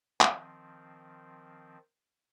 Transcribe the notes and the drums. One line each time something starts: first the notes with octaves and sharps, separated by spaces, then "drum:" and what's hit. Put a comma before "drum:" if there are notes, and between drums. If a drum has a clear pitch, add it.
D#3 F3 C4, drum: clap